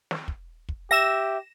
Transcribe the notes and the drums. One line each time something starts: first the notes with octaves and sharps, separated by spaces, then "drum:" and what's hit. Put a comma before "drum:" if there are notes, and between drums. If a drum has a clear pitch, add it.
drum: snare
drum: kick
drum: kick
G4 E5 A#6 E7